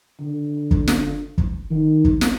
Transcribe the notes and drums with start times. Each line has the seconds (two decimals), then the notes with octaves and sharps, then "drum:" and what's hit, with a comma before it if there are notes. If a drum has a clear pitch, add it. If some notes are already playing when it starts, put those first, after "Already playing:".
0.20 D3
0.71 drum: kick
0.87 drum: snare
1.38 drum: kick
1.71 D#3
2.04 drum: kick
2.21 drum: snare